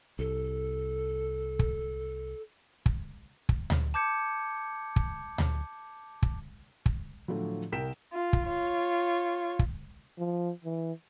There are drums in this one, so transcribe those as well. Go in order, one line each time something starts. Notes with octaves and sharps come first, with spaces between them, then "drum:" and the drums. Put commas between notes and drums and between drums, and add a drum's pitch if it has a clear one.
C2 A4
drum: kick
drum: kick
drum: kick
drum: tom D2
A5 D6 G6 G#6 C#7
drum: kick
drum: tom D2
drum: kick
drum: kick
A2 D3 F3 F#3
C2 A#4 G5 B6 E7
F4
drum: kick
F4 C#5
drum: kick
F3
E3